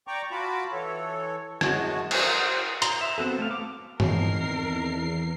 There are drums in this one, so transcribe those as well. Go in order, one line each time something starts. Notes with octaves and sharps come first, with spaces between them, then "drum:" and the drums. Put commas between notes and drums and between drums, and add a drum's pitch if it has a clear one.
D5 G5 A#5 C#6 D6
F4 F#4 A5 B5 D6
E3 A4 C#5
F#2 G#3 F#4 A5, drum: rim click
A#4 C5 F#5, drum: cymbal
A#5 C6, drum: hi-hat
E5
B3 C4 F#4 A4
A3 F5
D6
E2 D#3 C4 A#4 A5 C7, drum: tom G2